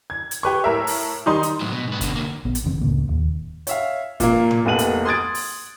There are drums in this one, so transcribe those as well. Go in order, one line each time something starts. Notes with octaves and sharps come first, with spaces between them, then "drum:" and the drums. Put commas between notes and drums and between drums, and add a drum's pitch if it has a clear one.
G#6
drum: hi-hat
G4 B4 C#6
A2 A#4 E5
drum: open hi-hat
D#3 G3 D#4 C6 D#6
drum: hi-hat
A2 F#3
B2
G#2 B4
B2 D3, drum: kick, hi-hat
D2 A#3
A#1 B3
drum: hi-hat
F1 F2 D#3 C4
C#2 A2 C#3 A#3
D#1 D#2
C#5 E5 F5, drum: hi-hat
A#2 A#3, drum: kick, hi-hat
drum: tom A2
F1 C2 A#3 B3 D#7 F#7
drum: hi-hat
C6 D#6 G#6 A6 D7
drum: open hi-hat